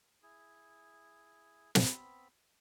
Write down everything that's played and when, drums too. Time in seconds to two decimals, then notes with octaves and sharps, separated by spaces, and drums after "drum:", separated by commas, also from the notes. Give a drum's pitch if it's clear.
0.23 E4 G#4
1.75 B3 C4 B5, drum: snare